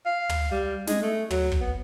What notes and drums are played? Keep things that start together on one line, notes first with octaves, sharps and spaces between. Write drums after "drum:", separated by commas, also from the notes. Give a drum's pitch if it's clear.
F5
drum: tom
G3
G#3, drum: snare
A3
F#3, drum: tom
drum: kick
B3